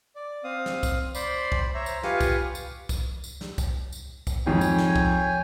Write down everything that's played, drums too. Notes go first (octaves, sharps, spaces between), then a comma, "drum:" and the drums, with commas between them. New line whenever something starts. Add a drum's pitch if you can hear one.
D5
C4 F5 D#6
drum: snare
drum: kick, tambourine
C5 D5 B5 C6, drum: tambourine
drum: kick
C5 C#5 E5 A#5
drum: tambourine
F4 G4 B4 F5 G#5 C#6, drum: snare
drum: kick, tambourine
drum: tambourine
drum: kick, tambourine
drum: tambourine
drum: snare
drum: kick, tambourine
drum: tambourine
drum: kick, tambourine
F2 G#2 C#5 G5 G#5
drum: tambourine
drum: snare
drum: kick